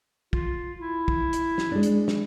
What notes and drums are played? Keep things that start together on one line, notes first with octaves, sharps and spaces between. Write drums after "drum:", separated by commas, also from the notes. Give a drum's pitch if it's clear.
F4, drum: kick
E4
drum: kick
drum: hi-hat
drum: snare
G#3 D4
drum: hi-hat
drum: snare